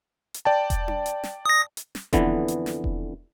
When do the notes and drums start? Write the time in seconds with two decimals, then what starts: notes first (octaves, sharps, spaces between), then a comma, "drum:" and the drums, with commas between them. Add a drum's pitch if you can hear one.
0.34 drum: hi-hat
0.45 D5 G5 A5
0.70 drum: kick E1, hi-hat
0.88 drum: tom D4
1.06 drum: hi-hat
1.23 drum: snare
1.46 D#6 A#6
1.77 drum: hi-hat
1.95 drum: snare
2.13 F2 D3 E3 B3, drum: kick E1, hi-hat
2.48 drum: hi-hat
2.66 drum: snare
2.84 drum: kick E1